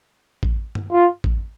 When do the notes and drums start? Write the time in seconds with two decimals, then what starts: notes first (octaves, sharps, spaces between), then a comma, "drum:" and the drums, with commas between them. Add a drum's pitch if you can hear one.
0.43 drum: kick
0.75 drum: tom G2
0.92 F4
1.24 drum: kick